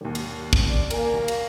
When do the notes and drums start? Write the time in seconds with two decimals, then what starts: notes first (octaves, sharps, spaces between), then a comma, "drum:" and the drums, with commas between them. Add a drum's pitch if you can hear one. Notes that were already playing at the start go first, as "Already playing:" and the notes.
0.01 G#1 D#2
0.15 drum: cymbal
0.53 drum: kick
0.68 D5
0.90 A#3 A#4 G#5, drum: cymbal
1.13 D#2
1.28 drum: cymbal